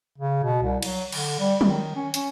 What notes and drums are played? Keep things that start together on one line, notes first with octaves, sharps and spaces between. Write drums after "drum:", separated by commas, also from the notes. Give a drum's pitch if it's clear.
C#3
B2
C2
F#3, drum: cymbal
D3, drum: cymbal
G3
D#3, drum: tom F#3
C#4
C#4, drum: hi-hat